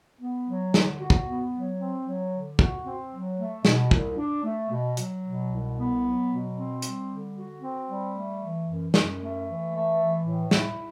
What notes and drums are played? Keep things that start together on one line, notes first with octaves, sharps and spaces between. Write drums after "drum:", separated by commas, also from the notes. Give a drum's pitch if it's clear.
B3
F#3
D3, drum: snare
F#4
drum: kick
B3
F#3
C4
F#3
D3
F#4, drum: kick
C4
F#3
A3
B2, drum: snare
C2, drum: kick
D4
A3
B2
F#3, drum: hi-hat
B2
C2
B3
F#3
B2
C4
G3, drum: hi-hat
D3
F#4
C4
G3
A3
E3
F#2
F#2, drum: snare
A3
E3
A3
E3
A2
E4, drum: snare